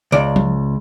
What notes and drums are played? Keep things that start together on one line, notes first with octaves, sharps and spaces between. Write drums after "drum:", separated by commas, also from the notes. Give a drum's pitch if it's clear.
C#2 D5
drum: tom F3